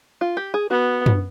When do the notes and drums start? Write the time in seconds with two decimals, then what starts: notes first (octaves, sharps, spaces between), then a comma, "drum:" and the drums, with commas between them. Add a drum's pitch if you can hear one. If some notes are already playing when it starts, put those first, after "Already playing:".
0.21 F4
0.37 G4
0.54 G#4
0.70 B3 F#4
1.06 drum: tom